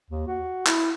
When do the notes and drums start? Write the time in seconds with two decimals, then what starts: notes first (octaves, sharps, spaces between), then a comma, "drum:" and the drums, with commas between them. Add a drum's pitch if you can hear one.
0.10 D#2
0.28 F#4
0.67 E4, drum: clap